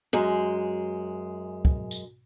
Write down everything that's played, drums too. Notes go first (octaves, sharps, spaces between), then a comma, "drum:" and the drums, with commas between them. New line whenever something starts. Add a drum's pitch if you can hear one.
F#2 G#3
drum: kick
drum: tambourine